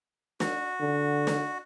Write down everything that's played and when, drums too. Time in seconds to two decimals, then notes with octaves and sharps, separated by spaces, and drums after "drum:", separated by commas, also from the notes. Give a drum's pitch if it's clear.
0.40 F#4, drum: snare
0.80 D3
1.27 drum: snare